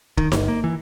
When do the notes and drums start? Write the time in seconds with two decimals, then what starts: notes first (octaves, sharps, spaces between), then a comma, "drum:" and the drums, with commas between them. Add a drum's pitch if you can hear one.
0.17 D#3, drum: kick
0.32 G1, drum: snare D#4
0.48 A#3
0.64 E3